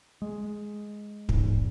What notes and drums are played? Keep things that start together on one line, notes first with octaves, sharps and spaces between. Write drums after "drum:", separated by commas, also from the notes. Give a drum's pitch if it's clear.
G#3
E2 G#2, drum: kick